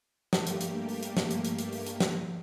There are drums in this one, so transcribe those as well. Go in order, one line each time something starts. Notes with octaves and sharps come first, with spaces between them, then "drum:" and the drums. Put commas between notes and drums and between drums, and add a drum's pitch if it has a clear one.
G2 A3 A#3 G4, drum: snare
drum: hi-hat
drum: hi-hat
drum: open hi-hat
drum: hi-hat
drum: snare
drum: hi-hat
drum: hi-hat
drum: hi-hat
drum: open hi-hat
drum: hi-hat
drum: snare